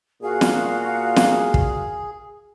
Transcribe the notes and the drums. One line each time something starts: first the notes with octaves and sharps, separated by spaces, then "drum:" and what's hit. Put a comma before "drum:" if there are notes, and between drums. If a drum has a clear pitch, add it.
A#2 F#4 G#4 F5
drum: snare
drum: snare
drum: kick